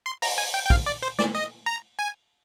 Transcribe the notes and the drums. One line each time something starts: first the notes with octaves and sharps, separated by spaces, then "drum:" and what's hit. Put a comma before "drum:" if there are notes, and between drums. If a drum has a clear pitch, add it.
C6
A#5, drum: open hi-hat
G#5
G5
G5
F5, drum: kick
D5
C5
D5, drum: snare
D#5
A#5
G#5